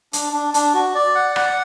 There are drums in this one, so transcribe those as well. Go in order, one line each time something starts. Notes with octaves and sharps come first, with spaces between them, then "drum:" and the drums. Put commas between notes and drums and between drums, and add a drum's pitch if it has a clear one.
D4, drum: hi-hat
D4
D4, drum: hi-hat
F#4
D5
F#5
F#5, drum: rim click